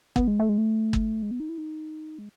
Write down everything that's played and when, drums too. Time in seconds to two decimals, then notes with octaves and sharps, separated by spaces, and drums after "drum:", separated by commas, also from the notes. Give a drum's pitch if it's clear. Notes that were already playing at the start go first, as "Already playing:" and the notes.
0.16 B3, drum: kick G1
0.28 G#3
0.40 A3
0.49 G#3
0.58 A3
0.93 drum: kick G1
1.22 G#3
1.31 B3
1.40 D#4
1.49 E4
1.58 D#4
2.18 G#3